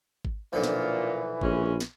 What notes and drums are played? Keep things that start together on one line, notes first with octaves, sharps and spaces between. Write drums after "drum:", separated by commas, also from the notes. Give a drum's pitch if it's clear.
drum: kick G#1
B1 A#2 D3 E3 F3
drum: snare
A#1 G#3 C#4, drum: kick G#1
drum: snare